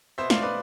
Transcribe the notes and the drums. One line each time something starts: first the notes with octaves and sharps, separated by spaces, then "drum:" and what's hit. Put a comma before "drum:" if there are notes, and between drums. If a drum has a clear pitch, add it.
B2 B3 C5 E5
D5 F5, drum: snare
B4 D5